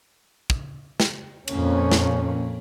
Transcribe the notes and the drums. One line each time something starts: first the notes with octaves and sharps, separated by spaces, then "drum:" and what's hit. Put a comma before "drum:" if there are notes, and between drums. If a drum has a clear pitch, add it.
drum: kick
drum: snare
F2 A#2 A#3 C#4, drum: cymbal
drum: snare